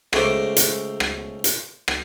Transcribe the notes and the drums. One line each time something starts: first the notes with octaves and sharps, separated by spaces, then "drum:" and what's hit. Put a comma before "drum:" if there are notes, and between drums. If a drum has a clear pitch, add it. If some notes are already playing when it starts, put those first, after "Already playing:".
C#2 C#3 A3 C5 A#5 D6, drum: rim click
drum: hi-hat
drum: rim click
drum: hi-hat
drum: rim click